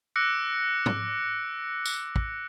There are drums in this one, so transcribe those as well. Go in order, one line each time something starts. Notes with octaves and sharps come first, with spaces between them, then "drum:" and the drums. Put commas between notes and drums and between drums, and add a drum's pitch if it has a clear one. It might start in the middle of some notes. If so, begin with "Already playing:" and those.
D6 E6 F#6 A#6 C#7 D7
drum: tom
drum: tambourine
drum: kick